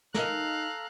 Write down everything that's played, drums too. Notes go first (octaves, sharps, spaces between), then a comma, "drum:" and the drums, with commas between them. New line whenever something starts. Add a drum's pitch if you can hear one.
D#4 A4 A#4 F5 A#5 F#6, drum: snare